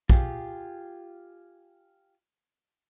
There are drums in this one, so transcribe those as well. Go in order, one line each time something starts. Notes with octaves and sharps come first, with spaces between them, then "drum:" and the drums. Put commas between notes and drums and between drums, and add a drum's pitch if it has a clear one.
F4 G4 G#4, drum: kick